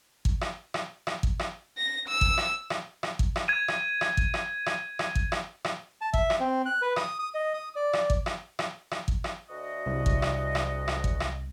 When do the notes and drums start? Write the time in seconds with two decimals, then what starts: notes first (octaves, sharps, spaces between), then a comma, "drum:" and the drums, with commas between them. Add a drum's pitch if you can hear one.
0.25 drum: kick
0.41 drum: rim click
0.74 drum: rim click
1.07 drum: rim click
1.23 drum: kick
1.39 drum: rim click
1.78 A#6
2.08 E6
2.21 drum: kick
2.38 drum: rim click
2.70 drum: rim click
3.03 drum: rim click
3.19 drum: kick
3.36 drum: rim click
3.48 G#6 D#7
3.68 drum: rim click
4.01 drum: rim click
4.17 drum: kick
4.34 drum: rim click
4.66 drum: rim click
4.99 drum: rim click
5.15 drum: kick
5.32 drum: rim click
5.65 drum: rim click
6.01 A5
6.14 E5, drum: kick
6.30 drum: rim click
6.40 C4
6.66 F#6
6.82 B4
6.96 D#6, drum: rim click
7.19 D#6
7.35 D#5
7.54 D#6
7.76 D5
7.93 drum: rim click
8.10 drum: kick
8.26 drum: rim click
8.59 drum: rim click
8.91 drum: rim click
9.08 drum: kick
9.24 drum: rim click
9.49 D2 F#4 D#5
9.86 C2
10.06 drum: kick
10.22 drum: rim click
10.55 drum: rim click
10.88 drum: rim click
11.04 drum: kick
11.20 drum: rim click